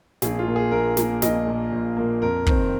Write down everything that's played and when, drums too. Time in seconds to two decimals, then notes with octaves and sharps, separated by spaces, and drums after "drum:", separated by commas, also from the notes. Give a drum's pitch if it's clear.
0.22 A#1 G#4, drum: snare
0.39 F4
0.47 A#2 A#3
0.56 G#4
0.71 A#1 A#4
0.97 A#2 A#3, drum: snare
1.22 A#1 D#5, drum: snare
1.47 A#2 A#3
1.72 A#1
1.97 A#2 A#3
2.22 F2 A#4
2.46 D#3 C4, drum: kick